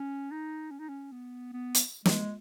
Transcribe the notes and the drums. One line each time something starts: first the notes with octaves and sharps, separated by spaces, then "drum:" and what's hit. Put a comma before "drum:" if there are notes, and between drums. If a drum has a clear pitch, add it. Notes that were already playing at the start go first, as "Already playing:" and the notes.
Already playing: C#4
D#4
C#4
D#4
C#4
B3
B3
drum: hi-hat
G#3, drum: snare